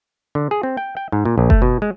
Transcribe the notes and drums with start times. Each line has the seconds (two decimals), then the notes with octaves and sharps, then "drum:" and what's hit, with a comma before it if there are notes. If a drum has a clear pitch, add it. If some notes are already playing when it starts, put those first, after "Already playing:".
0.35 D3
0.51 G#4
0.63 C4
0.77 G5
0.97 G5
1.12 G#2
1.25 A#2
1.38 A#1
1.50 A3, drum: kick F#1
1.62 B2
1.82 G#3